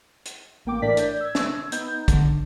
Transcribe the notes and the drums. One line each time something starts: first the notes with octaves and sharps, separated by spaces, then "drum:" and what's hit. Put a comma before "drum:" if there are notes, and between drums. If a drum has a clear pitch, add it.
drum: hi-hat
A1 A#3 G5 D6
A2 E3 D4 A#4 D5 B6
D5 G6, drum: hi-hat
E6 G#6
drum: snare
B3 D#4 G6, drum: hi-hat
D3, drum: kick, hi-hat